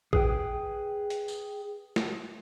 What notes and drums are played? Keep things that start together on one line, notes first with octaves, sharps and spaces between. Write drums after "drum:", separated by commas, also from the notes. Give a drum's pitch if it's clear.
G#4 B4 G5, drum: kick A1
drum: hi-hat
drum: tambourine
drum: snare